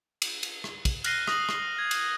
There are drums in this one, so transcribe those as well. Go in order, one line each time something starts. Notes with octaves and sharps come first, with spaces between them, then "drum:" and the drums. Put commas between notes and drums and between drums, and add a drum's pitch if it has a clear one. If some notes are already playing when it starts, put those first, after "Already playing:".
drum: cymbal
drum: cymbal
drum: rim click
drum: kick, cymbal
F6 F#6 A#6 C7 D#7 G7, drum: cymbal
D#6 A#6 F#7, drum: rim click
drum: rim click
G#6
drum: cymbal